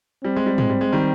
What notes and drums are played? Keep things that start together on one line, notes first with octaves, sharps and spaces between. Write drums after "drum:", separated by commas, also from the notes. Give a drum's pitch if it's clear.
G3 C4
G#3
G3
G#3, drum: tom
G3
G#3
D#3 G3